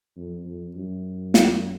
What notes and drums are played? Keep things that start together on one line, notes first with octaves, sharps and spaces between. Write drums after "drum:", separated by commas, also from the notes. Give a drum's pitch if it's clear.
F2
F2
F#2
drum: snare